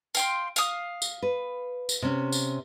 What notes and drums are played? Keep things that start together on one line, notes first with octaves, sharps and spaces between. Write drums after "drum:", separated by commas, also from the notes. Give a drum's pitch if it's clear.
F5 G5 C6, drum: tambourine
F5 D#6, drum: tambourine
drum: tambourine
B4
drum: tambourine
C3 C#4
drum: tambourine